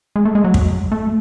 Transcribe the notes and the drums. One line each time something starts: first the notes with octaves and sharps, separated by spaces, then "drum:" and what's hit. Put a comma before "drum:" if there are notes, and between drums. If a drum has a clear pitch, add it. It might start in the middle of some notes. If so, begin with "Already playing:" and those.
G#3
A3
G#3
F#3
drum: kick
A3